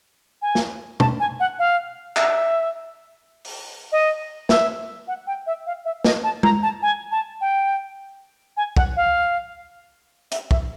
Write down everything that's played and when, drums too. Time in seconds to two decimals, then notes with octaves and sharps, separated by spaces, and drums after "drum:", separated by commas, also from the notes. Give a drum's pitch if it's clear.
0.42 G#5
0.55 drum: snare
1.00 A5, drum: tom
1.20 G#5
1.40 F#5
1.59 F5
2.16 E5, drum: clap
3.45 drum: open hi-hat
3.92 D#5
4.49 E5, drum: snare
5.08 F#5
5.27 G5
5.47 E5
5.67 F5
5.85 E5
6.04 D#5, drum: snare
6.24 A5
6.43 A#5, drum: tom G#3
6.63 A5
6.82 G#5
7.12 A5
7.41 G5
8.57 G#5
8.77 F#5, drum: kick
8.97 F5
10.32 E5, drum: hi-hat
10.51 E5, drum: kick